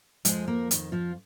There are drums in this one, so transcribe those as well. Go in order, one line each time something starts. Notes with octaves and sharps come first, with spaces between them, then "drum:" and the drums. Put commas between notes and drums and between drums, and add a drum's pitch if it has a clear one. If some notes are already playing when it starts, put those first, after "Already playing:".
F2 F3 G#3 G#4, drum: hi-hat
A#3 A#4
F2 D#3, drum: hi-hat
F3 F4